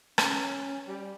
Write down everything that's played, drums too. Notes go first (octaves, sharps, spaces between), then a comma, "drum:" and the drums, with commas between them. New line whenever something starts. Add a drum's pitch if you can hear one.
C#4, drum: rim click
G3